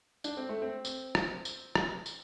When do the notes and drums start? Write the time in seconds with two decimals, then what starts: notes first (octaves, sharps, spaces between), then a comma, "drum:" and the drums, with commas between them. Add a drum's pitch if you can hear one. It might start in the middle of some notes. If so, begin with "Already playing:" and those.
0.24 D4, drum: tambourine
0.37 C4
0.49 A3
0.62 C4
0.85 drum: tambourine
1.15 drum: rim click
1.45 drum: tambourine
1.75 drum: rim click
2.06 drum: tambourine